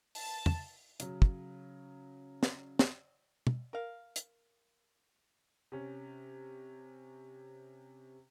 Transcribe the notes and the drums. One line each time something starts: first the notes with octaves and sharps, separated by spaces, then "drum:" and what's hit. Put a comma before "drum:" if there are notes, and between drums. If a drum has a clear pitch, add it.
A5, drum: open hi-hat
drum: tom
C#3 F#3, drum: hi-hat
drum: kick
drum: snare
drum: snare
drum: tom
A#4 F5
drum: hi-hat
C3 C#4